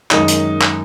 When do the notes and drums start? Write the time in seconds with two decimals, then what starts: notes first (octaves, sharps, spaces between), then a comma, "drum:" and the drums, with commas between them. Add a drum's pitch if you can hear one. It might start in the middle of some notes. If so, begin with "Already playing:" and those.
0.11 F#2 D#3 G#3 D#4, drum: clap
0.28 drum: hi-hat
0.62 drum: clap